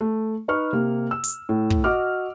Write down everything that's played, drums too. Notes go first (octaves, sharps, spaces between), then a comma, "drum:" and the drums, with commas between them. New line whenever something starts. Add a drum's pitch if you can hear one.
A3
D#4 B4 C#6 F6
C3 A#3
E6
drum: hi-hat
A2
drum: kick
F#4 D#5 D6 F6